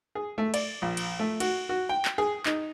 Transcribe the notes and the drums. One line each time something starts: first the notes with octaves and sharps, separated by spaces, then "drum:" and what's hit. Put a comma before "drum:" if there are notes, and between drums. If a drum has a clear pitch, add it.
G#4
A3
D5, drum: cymbal
A#1
drum: cymbal
A3
F#4, drum: cymbal
F#4
G5
drum: clap
G#4
D#4, drum: clap